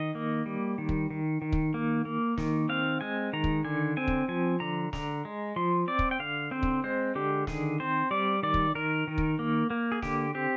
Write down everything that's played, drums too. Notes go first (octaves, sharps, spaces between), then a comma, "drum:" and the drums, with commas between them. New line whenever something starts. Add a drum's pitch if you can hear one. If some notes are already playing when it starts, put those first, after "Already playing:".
Already playing: D#3 D#5
A#3
G3
D#3
drum: kick
D#3
D#3
drum: kick
A#3
A#3
D#3, drum: snare
C4 F5
G#3 G#5
D#3 A#5
drum: kick
D3 G#5
C4 G#5
drum: kick
F3 G#5
D3 A#5
D3 A#5, drum: snare
G#3
F3 C6
C4 D5
drum: kick
G5
D3 F5
C4 C5
drum: kick
G#3 C5
D3 G4
D#3 G#4, drum: snare
C4 C5
G3 D5
D#3 D5
drum: kick
D#3 A#4
D#3
drum: kick
A#3
A#3
G#4
D3 G4, drum: snare
C4 G4